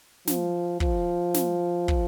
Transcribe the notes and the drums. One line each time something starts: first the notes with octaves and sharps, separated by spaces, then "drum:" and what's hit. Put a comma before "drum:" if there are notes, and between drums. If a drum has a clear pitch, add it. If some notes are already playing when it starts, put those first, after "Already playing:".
F3, drum: snare
F3, drum: kick
drum: snare
drum: kick